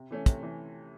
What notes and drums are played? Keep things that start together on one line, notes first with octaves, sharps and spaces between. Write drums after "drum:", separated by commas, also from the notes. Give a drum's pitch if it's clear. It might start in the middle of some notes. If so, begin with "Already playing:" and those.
Already playing: C3
E3 A3 C#4
C3, drum: kick, hi-hat
E3 A3 C#4